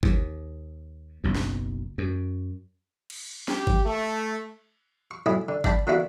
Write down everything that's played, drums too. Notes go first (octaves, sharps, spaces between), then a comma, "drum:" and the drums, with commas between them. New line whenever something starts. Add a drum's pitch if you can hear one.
D#2, drum: kick G1
F#1 B1 F#2
drum: snare
F#2
drum: cymbal
G4, drum: snare
drum: kick G1
A3
C#6
B1 A2 E4 G#5 D#6
D3
D4 D5 G5 A5 B5, drum: kick G1
D3 E3 A#3 B3 E4 F#4